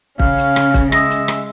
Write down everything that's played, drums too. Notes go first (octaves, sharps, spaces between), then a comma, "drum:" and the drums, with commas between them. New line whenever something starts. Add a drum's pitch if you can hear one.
C#3 C#4 F5, drum: kick
drum: hi-hat
drum: rim click
drum: kick, hi-hat
G#3 E5 D#6 A#6, drum: rim click
drum: hi-hat
drum: rim click